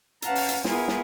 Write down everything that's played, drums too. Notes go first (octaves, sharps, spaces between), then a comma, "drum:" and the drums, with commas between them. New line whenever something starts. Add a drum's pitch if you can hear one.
C#4 B4 F5 F#5 A5 A#5, drum: hi-hat
drum: open hi-hat
drum: hi-hat
B3 E4 F4 G#4 A#4 G#5, drum: snare
drum: snare